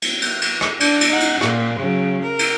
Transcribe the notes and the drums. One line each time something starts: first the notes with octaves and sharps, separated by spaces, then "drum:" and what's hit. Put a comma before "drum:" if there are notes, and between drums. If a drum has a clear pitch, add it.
drum: cymbal
drum: cymbal
drum: cymbal
drum: rim click
D4, drum: cymbal
drum: cymbal
D#4 F#5
drum: cymbal
A#2, drum: rim click
C#3 F#3
A#4
drum: cymbal